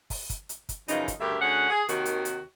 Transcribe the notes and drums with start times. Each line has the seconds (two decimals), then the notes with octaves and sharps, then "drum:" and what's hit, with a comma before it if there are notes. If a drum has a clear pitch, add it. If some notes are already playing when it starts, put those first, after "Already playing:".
0.10 drum: kick, open hi-hat
0.30 drum: kick, hi-hat
0.49 drum: hi-hat
0.69 drum: kick, hi-hat
0.88 F#2 C#3 E3 F3 D#4, drum: hi-hat
1.08 drum: kick, hi-hat
1.19 D2 G2 C#3 G4 A#4 E5
1.41 D2 C#4 G#4 C#5 F#5
1.70 G#4
1.89 D#2 C3 D#3 F#4, drum: hi-hat
2.05 drum: hi-hat
2.25 drum: hi-hat